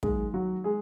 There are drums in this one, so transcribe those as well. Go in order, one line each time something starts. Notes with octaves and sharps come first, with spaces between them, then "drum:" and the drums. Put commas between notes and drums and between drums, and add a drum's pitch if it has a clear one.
D#3 F#3 G#3 A#3 G#4, drum: kick
F#3 F#4
G#3 G#4